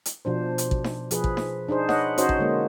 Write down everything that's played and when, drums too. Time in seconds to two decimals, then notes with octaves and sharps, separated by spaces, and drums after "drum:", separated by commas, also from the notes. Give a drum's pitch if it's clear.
0.05 drum: hi-hat
0.25 B2 F3 D4 C5
0.58 drum: hi-hat
0.71 drum: kick
0.84 drum: snare D#4
1.11 F3 G#4 B4, drum: hi-hat
1.24 drum: kick
1.37 drum: snare D#4
1.68 D4 D#4 G#4 C5
1.89 B4 C#5 D#5 F#5, drum: snare D#4
2.18 C#4 D#4 F#4 C5 C#5 D#5, drum: hi-hat
2.29 drum: kick
2.39 D3 G#3 A#3